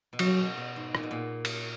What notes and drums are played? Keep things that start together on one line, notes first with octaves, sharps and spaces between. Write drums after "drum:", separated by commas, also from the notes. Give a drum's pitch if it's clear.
B2
C#3 F#3, drum: cymbal
B2
B2
G#2
A#2, drum: rim click
B2
A#2
drum: cymbal